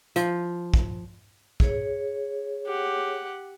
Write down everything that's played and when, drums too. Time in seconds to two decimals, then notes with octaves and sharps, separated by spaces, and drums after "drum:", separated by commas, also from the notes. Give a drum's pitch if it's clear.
0.16 F3, drum: hi-hat
0.74 drum: kick
1.60 G#4 C#5, drum: kick
2.67 G4 F#5